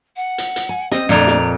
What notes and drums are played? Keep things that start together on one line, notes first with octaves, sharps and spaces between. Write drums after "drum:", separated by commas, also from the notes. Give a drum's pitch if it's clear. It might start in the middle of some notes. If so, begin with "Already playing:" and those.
F#5
drum: hi-hat
drum: hi-hat
G#5
C4 C5 D#5, drum: snare
F2 A#2 A3 D4 A#5
drum: snare